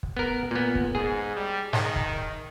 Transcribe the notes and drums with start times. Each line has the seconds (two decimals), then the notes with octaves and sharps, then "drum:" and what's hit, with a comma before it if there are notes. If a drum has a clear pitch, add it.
0.03 drum: kick
0.17 B3 A#4
0.51 A#2 B3
0.75 drum: kick
0.95 G#2 G#4
1.36 G3
1.73 D#3, drum: snare G#2
1.96 drum: kick